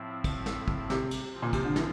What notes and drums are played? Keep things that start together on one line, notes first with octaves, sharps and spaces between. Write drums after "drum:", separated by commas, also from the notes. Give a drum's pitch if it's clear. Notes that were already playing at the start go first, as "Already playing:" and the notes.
Already playing: A2 F3 C4 E4
drum: kick, cymbal
drum: snare
drum: kick
C3, drum: snare
drum: cymbal
F3 C4 F4
A#2
C3, drum: kick, cymbal
D3
E3, drum: snare